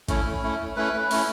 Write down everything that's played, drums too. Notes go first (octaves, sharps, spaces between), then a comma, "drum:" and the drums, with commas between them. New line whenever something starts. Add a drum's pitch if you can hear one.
A3 C#4 E4, drum: kick A1, hi-hat
A3 C#4 E4
A3 C#4 E4 B4
A3 C#4 E4, drum: open hi-hat